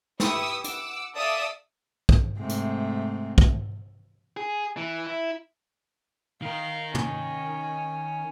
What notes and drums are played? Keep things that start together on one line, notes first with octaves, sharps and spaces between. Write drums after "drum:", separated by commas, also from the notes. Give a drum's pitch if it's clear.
E4 G4 B4 C#6 D#6 E6, drum: snare
F#5 D6 E6, drum: hi-hat
A4 D5 E5 F5 D#6 E6
drum: kick
G#2 C3 A3
drum: hi-hat
drum: kick
G#4
E3
E4
D#3 A#4 F5
C#4, drum: tom